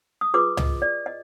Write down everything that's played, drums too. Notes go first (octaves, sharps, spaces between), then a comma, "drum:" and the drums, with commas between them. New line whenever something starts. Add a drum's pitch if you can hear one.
D#6
F4 G#4 B4 D6
D#5, drum: tom
D5
D#5